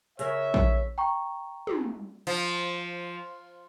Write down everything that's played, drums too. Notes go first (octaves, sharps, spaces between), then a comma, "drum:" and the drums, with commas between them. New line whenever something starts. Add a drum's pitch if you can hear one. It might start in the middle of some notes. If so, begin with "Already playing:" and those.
C#3 A#4 C#5 E5, drum: hi-hat
drum: kick A#1
G5 A#5 C#6
drum: tom
F3, drum: cymbal